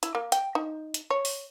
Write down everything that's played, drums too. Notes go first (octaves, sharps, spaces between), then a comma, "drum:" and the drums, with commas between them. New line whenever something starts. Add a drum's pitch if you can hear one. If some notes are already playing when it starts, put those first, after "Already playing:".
E4, drum: hi-hat
A#3
G5, drum: hi-hat
D#4
drum: hi-hat
C#5
drum: open hi-hat